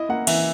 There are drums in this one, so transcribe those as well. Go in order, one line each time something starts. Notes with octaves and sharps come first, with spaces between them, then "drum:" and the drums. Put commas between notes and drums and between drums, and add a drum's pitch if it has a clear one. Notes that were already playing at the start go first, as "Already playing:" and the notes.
Already playing: E4 D#5
A#3 F#5
E3 E5, drum: cymbal